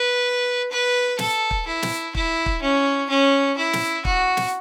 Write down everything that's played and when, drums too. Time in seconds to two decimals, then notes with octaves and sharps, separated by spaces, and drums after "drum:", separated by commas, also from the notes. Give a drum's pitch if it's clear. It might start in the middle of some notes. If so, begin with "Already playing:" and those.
Already playing: B4
0.71 B4
1.18 A4, drum: snare
1.51 drum: kick
1.67 E4
1.82 drum: snare
2.15 E4, drum: kick
2.46 drum: kick
2.62 C#4
3.09 C#4
3.57 E4
3.73 drum: snare
4.05 F#4, drum: kick
4.37 drum: snare